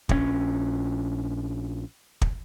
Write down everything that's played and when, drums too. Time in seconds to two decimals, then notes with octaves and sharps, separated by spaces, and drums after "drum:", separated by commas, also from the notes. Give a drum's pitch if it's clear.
0.09 A#1 F3 C#4, drum: kick
2.21 drum: kick